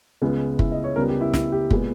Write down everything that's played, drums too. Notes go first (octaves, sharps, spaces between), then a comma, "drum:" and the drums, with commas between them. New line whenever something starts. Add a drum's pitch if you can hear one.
C#2 C#3 G#3 B3
E4, drum: kick
D#5
C#5
C#2 C#3 G3 B3 A#4
G4
E4
E4, drum: snare
G4
A#2 G#3 B3, drum: kick